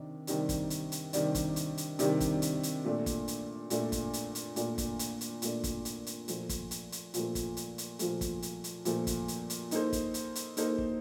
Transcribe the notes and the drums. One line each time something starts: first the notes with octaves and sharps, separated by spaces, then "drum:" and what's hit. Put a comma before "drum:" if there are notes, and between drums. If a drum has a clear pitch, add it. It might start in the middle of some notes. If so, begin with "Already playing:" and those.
Already playing: C3 D#3 D4
C3 D#3 G3 D4, drum: hi-hat
drum: kick, hi-hat
drum: hi-hat
drum: hi-hat
C3 D#3 G3 D4, drum: hi-hat
drum: kick, hi-hat
drum: hi-hat
drum: hi-hat
C3 D#3 G3 D4, drum: hi-hat
drum: kick, hi-hat
drum: hi-hat
drum: hi-hat
A#2 A3 D4
drum: kick, hi-hat
drum: hi-hat
A#2 A3 D4, drum: hi-hat
drum: kick, hi-hat
drum: hi-hat
drum: hi-hat
A#2 A3 D4, drum: hi-hat
drum: kick, hi-hat
drum: hi-hat
drum: hi-hat
A#2 A3 D4, drum: hi-hat
drum: kick, hi-hat
drum: hi-hat
drum: hi-hat
A#2 F3 A3, drum: hi-hat
drum: kick, hi-hat
drum: hi-hat
drum: hi-hat
A#2 F3 A3, drum: hi-hat
drum: kick, hi-hat
drum: hi-hat
drum: hi-hat
A#2 F3 A3, drum: hi-hat
drum: kick, hi-hat
drum: hi-hat
drum: hi-hat
A#2 F3 A3, drum: hi-hat
drum: kick, hi-hat
drum: hi-hat
drum: hi-hat
A#3 D#4 A4 C5, drum: hi-hat
drum: kick, hi-hat
drum: hi-hat
drum: hi-hat
A#3 D#4 A4 C5, drum: hi-hat
drum: kick